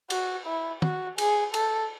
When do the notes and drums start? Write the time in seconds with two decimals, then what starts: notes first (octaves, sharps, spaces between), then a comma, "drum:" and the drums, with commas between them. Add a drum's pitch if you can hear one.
0.10 F#4, drum: cymbal
0.46 E4
0.82 F#4, drum: tom
1.18 G#4, drum: cymbal
1.54 A4, drum: cymbal